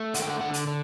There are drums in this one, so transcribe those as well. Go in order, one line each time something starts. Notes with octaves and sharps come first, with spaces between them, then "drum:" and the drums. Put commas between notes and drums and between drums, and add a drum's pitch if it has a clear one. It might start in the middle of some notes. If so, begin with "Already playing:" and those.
Already playing: A3
D3 F#5, drum: hi-hat
G5
F#5
D3 F#5
drum: hi-hat
D3